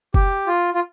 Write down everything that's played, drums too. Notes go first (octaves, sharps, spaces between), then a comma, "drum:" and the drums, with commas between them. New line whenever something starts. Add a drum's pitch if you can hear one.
G4, drum: kick
F4
F4